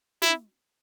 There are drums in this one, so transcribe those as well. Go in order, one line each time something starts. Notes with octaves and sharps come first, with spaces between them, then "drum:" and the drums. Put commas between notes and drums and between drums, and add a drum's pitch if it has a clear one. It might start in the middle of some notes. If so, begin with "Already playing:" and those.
E4, drum: snare